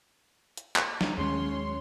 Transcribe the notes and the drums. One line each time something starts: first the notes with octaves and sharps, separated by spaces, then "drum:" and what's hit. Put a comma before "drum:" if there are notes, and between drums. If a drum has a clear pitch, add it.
drum: hi-hat
drum: clap
drum: snare
D#2 D#3 F#3 G#3 C#4 G#4 C#5 C6